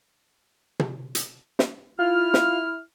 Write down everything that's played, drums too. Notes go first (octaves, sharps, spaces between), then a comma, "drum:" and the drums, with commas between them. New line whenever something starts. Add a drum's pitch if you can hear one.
drum: tom
drum: hi-hat
drum: snare
E4 F4 F6
drum: snare